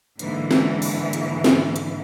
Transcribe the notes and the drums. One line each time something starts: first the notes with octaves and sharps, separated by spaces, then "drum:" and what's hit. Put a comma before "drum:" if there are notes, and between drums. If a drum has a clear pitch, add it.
G#2 D3 E3 A#3, drum: hi-hat
drum: snare
drum: open hi-hat
drum: hi-hat
drum: snare
drum: hi-hat